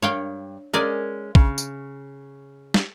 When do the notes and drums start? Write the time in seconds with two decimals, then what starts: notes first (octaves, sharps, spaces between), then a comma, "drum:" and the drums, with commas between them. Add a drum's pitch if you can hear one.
0.02 G2 C#5 F5 G5
0.73 G#3 C#4 A#4 D5 G#5
1.35 C#3, drum: kick A#1
1.58 drum: tambourine
2.74 drum: snare